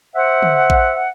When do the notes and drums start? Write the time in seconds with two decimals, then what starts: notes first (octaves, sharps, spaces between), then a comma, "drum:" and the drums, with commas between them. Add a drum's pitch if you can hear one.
0.15 C5 E5 F#5
0.43 drum: tom
0.70 drum: kick A#1